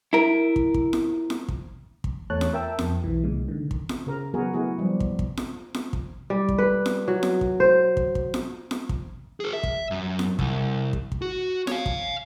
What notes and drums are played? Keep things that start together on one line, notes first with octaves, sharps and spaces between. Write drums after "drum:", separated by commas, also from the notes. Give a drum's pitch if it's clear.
E4 A#4
drum: kick
drum: kick
drum: snare F4
drum: snare F4
drum: kick
drum: kick
E2 A3 C#5 A5 F#6
drum: snare F4
A#4 E5 G5 A5 E6
F2, drum: snare F4
B1 E3
C2 A#2 C#3 G#3
D3 D#3
drum: kick
drum: snare F4
C#3 A#4
F#3 B3 F#4 G#4 A#4
A3 B3 E4 F#4 G#4
F3 G3
drum: kick
drum: kick
drum: snare F4
drum: snare F4
drum: kick
G3
drum: kick
B4
drum: snare F4
F#3
drum: snare F4
drum: kick
C5
drum: kick
drum: kick
drum: snare F4
drum: snare F4
drum: kick
G#4 A#4
E5
drum: kick
F#2
drum: snare F4
C2, drum: kick
drum: kick
drum: kick
F#4
C#5 F5, drum: snare F4
drum: kick